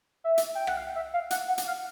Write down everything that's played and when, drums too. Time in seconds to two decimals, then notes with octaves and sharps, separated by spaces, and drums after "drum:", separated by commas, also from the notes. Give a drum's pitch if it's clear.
0.24 E5
0.38 drum: hi-hat
0.55 G5
0.67 F#5, drum: rim click
0.77 F5
0.95 E5
1.14 F5
1.30 F#5, drum: hi-hat
1.48 F#5
1.58 drum: hi-hat
1.67 F5